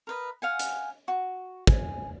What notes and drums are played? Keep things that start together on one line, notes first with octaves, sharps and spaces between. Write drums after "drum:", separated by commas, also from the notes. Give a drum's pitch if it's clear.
A#4 B4 D#5
F5 F#5 G#5
drum: hi-hat
F#4
G#5, drum: kick